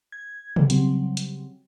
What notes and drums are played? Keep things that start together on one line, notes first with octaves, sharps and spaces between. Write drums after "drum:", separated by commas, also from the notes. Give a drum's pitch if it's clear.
G#6
drum: tom
C#3 F#3 G3 C4, drum: hi-hat
drum: hi-hat